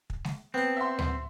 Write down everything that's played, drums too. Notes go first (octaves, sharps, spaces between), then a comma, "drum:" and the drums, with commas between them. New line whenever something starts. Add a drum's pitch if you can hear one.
drum: kick
drum: snare G#3
B3 C4 A5
E5 F#5 C6
drum: tom D2